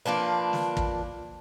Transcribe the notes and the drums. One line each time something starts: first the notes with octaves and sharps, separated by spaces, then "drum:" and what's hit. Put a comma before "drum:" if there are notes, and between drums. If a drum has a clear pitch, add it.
F3 A#3 D4 B4
drum: snare
drum: kick